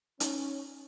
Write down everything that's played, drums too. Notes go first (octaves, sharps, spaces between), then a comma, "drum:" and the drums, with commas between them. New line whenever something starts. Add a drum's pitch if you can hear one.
C#4 D#4, drum: hi-hat